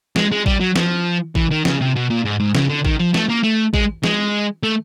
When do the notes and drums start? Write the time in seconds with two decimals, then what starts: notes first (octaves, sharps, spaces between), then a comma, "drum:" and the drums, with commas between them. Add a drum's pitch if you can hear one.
0.16 G#3, drum: snare
0.32 G#3
0.46 G3, drum: kick A1
0.61 F#3
0.76 F3, drum: snare
1.35 E3, drum: kick A1
1.50 D#3
1.65 C#3, drum: snare
1.80 C3
1.95 B2
2.10 A#2
2.25 G#2
2.39 G#2
2.55 C#3, drum: snare
2.69 D3
2.85 D#3, drum: kick A1
3.00 F3
3.14 A3, drum: snare
3.30 A#3
3.44 A3
3.74 G#3, drum: kick A1
4.04 G#3, drum: snare
4.63 A3